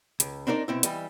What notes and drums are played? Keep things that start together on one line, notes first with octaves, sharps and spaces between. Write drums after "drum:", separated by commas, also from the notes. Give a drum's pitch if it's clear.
C#2, drum: hi-hat
C4 D4 D#4 A#4 D5
B2 C4 E4
E3 G3 D#5, drum: hi-hat